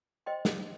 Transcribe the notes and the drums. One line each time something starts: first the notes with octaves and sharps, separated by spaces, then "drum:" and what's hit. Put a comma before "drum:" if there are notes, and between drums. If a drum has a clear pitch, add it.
C5 D#5 G5 C6
drum: snare